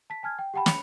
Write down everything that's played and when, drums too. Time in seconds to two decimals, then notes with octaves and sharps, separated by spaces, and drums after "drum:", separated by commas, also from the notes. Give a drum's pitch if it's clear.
0.10 A5 B6
0.23 G#5 A5 F6 G#6
0.39 G5
0.54 G4 F#5 G5 A5 B5
0.66 B5 C#7 F7, drum: snare